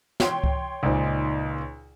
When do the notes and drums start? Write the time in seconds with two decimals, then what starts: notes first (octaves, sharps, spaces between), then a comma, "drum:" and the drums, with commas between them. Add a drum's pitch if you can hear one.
0.20 C#5 G5 C6, drum: snare
0.44 drum: kick C#2
0.83 C#2 A#2 D#4 C5 D5